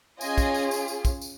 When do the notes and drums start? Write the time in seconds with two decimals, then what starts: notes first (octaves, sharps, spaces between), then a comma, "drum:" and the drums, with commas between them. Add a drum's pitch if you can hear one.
0.21 C#4 F4 G#4 D#5 G#5, drum: tambourine
0.38 drum: kick, tambourine
0.54 drum: tambourine
0.71 drum: tambourine
0.88 drum: tambourine
1.05 drum: kick, tambourine
1.21 drum: tambourine